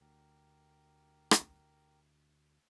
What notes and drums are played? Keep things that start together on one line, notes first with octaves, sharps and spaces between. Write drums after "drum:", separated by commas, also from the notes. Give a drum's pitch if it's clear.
D2 G4 A#4
drum: rim click